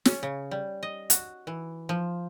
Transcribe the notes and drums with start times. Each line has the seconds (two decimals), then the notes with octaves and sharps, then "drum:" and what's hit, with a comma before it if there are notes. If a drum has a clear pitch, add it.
0.05 C#4, drum: snare
0.23 C#3
0.51 G3
0.83 D#5
1.10 F#4, drum: hi-hat
1.47 E3
1.89 F3